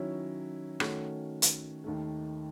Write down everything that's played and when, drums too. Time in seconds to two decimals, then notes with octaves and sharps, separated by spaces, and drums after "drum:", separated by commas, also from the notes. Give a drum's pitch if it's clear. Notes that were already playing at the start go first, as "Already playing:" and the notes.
Already playing: D#3 F#3 C#4 E4
0.80 D#3 A3 C#4 F#4 A4, drum: rim click
1.42 drum: hi-hat
1.84 D#2 D#3 A3